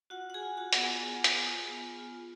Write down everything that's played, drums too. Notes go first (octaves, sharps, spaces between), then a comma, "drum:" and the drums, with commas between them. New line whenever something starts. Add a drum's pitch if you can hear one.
F4 F#4 F#5
F#5
G#4 G#5
F4
F#4 F#5
B3 F#5, drum: hi-hat
G#4 G#5
F4
drum: hi-hat
F4
B3
F4